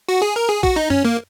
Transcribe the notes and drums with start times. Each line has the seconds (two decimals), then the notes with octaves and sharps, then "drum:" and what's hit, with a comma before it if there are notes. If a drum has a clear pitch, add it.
0.09 F#4
0.22 G#4
0.36 A#4
0.49 G#4
0.63 F#4, drum: kick
0.76 D#4
0.90 C#4, drum: tom F#2
1.05 A#3